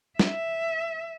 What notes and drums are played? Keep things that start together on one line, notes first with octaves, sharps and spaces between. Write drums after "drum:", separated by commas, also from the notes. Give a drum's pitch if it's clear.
E5, drum: snare